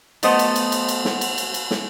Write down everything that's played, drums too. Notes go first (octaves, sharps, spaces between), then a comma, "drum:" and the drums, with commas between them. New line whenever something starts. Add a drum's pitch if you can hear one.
F#3 A3 B3 C5 D#5, drum: cymbal
drum: cymbal
drum: cymbal
drum: cymbal
drum: cymbal
drum: snare
drum: cymbal
drum: cymbal
drum: cymbal
drum: snare